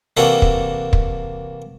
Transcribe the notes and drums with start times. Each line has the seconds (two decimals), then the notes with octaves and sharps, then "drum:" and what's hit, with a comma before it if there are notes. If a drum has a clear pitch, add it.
0.17 C3 E3 A#3 D4 F#4 A4
0.42 drum: kick
0.93 drum: kick